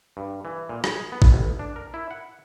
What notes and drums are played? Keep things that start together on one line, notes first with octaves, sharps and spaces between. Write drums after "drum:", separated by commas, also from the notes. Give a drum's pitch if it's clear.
G2
E3
A#2
G#4, drum: rim click
B3
drum: kick
A1
D4
A#4
E4
F#5